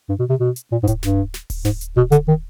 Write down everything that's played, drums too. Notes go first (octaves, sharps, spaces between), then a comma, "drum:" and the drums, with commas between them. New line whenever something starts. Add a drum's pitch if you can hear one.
G2
B2
C3
B2
drum: hi-hat
A#2
G#2
A2, drum: kick D1, hi-hat
G2, drum: snare
drum: snare
drum: kick D1, open hi-hat
G#2, drum: snare
drum: hi-hat
B2, drum: kick D1
D3, drum: hi-hat
D#3